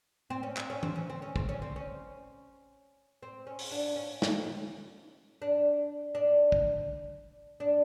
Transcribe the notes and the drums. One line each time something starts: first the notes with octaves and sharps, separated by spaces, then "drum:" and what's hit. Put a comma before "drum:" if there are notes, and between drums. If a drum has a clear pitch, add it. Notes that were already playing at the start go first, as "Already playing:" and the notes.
C4
C#4
C4, drum: clap
C#4
C4, drum: tom E3
C#4
C4
C#4
C4, drum: kick
C#4
C4
C#4
C4
C#4
drum: open hi-hat
D4
C#4
drum: snare
D4
D4
drum: kick
D4